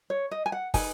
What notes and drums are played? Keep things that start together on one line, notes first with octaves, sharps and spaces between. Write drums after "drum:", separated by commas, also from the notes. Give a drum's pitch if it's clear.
C#5
D#5
G#5
F#5
D#4 B4 G#5, drum: kick, open hi-hat